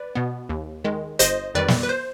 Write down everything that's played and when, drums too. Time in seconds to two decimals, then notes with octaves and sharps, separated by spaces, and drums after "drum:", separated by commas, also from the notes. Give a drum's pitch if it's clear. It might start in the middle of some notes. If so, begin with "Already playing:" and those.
Already playing: B4 D5
0.15 B2 B3
0.49 D#2
0.84 D#3 G#3
1.19 G1 C5 D#5, drum: hi-hat
1.55 F2 D#3 G3 B4 D5
1.68 drum: snare
1.83 B4
1.89 C5